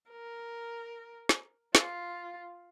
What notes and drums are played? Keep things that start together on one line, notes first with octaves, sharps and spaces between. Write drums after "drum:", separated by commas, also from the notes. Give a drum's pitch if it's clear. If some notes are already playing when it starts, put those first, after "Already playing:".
A#4
drum: snare
F4, drum: snare